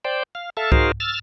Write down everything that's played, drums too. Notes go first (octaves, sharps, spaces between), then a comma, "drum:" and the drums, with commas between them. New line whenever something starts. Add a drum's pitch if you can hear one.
C5 D5 G5
F5
A4 E5 F5 A5
D#4 F#4 G#4 A#4 C5 F5, drum: kick C2
E6 F6 A6